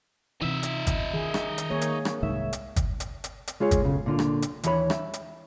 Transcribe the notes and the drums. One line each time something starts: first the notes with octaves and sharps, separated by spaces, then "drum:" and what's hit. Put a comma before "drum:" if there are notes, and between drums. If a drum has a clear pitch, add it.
C3 E3 D#4 E5
drum: hi-hat
drum: kick G1, hi-hat
D#3 G#4
drum: rim click
drum: hi-hat
A#3 G#4 C#5
drum: hi-hat
drum: rim click
C2 G#2 D#3 E5
drum: hi-hat
drum: kick G1, hi-hat
drum: hi-hat
drum: hi-hat
drum: hi-hat
G#3 F4 G#4 C#5
drum: kick G1, hi-hat
B1 F#2 C#3
A#2 D3 F4
drum: rim click
drum: hi-hat
D#2 E3 E4 G4 C#5 B5, drum: hi-hat
E5, drum: rim click
drum: hi-hat